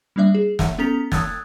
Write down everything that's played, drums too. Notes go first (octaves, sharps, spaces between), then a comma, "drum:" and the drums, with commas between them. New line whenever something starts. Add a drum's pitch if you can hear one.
G3 A#3 D4 D5 E5
G#4
E5 F#5, drum: snare
B3 C#4 A4 A#5 B6 F7
A5 D#6 E6 F#6 G#6 A6, drum: snare